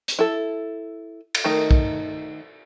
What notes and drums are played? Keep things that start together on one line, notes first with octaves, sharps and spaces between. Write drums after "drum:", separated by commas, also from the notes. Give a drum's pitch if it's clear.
drum: hi-hat
E4 A4
drum: cymbal
D#3 A3 D#4 A#4
drum: kick B1